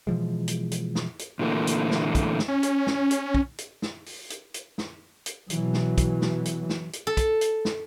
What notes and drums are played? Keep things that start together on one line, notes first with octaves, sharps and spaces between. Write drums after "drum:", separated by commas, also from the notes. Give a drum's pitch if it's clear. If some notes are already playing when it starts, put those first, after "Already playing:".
B2 E3 F3 G#3
drum: hi-hat
drum: hi-hat
drum: snare
drum: hi-hat
A#2 D3 E3 A3 A#3
drum: hi-hat
drum: snare
drum: kick, hi-hat
drum: snare
C#4
drum: hi-hat
drum: snare
drum: hi-hat
drum: kick
drum: hi-hat
drum: snare
drum: open hi-hat
drum: hi-hat
drum: hi-hat
drum: snare
drum: hi-hat
B2 E3 F#3, drum: hi-hat
drum: snare
drum: kick, hi-hat
drum: snare
drum: hi-hat
drum: snare
drum: hi-hat
A4
drum: kick, hi-hat
drum: hi-hat
drum: snare